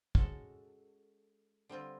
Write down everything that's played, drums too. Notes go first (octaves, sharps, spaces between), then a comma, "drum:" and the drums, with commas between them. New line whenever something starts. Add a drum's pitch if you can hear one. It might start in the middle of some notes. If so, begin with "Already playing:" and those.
G#3 C#4 F#4 A4, drum: kick
D3 G3 C4 F4